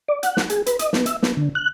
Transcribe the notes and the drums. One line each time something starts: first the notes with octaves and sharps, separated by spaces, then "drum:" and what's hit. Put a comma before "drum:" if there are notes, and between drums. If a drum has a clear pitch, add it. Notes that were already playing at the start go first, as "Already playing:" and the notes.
D5
F#5, drum: hi-hat
drum: snare
G#4, drum: hi-hat
B4, drum: hi-hat
D#5, drum: hi-hat
B3, drum: snare
E5, drum: hi-hat
B3, drum: snare
D3
F#6